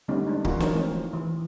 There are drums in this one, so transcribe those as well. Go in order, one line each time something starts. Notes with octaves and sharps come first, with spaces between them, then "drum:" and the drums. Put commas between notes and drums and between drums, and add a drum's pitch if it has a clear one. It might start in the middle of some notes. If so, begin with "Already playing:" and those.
D3 G3 A3 B3 C#4 D#4
D3 G#3 D4 D#4
E3 A#3 F4 F#4, drum: kick C#1
E3 F#3 A#3 D#4 A#4 C#5, drum: snare
F3 G#3 A3 C4
E3